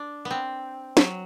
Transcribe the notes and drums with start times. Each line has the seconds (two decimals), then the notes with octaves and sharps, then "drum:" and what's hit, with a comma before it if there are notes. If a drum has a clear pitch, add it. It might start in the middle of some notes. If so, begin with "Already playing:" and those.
Already playing: D4
0.25 B3
0.31 C4
0.97 F#3, drum: snare